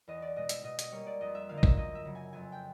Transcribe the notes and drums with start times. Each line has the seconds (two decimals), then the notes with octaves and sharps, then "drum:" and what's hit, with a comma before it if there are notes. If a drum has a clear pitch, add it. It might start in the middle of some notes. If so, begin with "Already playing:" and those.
0.08 E2 D#5
0.22 D5
0.36 B2 G#3 D#5
0.49 E5, drum: hi-hat
0.64 B2 D#5
0.79 D#5, drum: hi-hat
0.92 G3 A#3 C#5
1.07 D5
1.21 F2 D#5
1.35 E5
1.49 D3 F3 A#3 F5
1.57 D#5
1.63 E5, drum: kick
1.77 F#2 D#5
1.95 E5
2.05 C#3 F#3
2.15 G#5
2.33 F2 G#5
2.52 G5